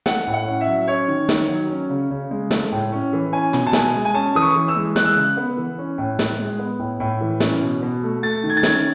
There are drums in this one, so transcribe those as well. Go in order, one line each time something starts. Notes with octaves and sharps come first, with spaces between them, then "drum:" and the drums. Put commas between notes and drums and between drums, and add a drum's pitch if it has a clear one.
A3 F#5, drum: snare
A2
F#5
C#4
E5
F#3
C#4 C#5
D#3
D#3, drum: snare
F#3
C#4
C#3
C#3
G#3
A3, drum: snare
A2
C#4
E3
C#4 G#5
B2, drum: tom
A5
B2 G#5, drum: snare
G#3
G#5
C#4 A5
E3 D#6
C#6
E3
E6
G#3
G#3 F#6, drum: snare
E6
C#3 F#6
B3
E3
C#4
A2
A2, drum: snare
G#3
B3
A2
A2
E3
C#4, drum: snare
B2
B2
A3
A3 A6
D#3
G#6
A6
C#4 G#6, drum: snare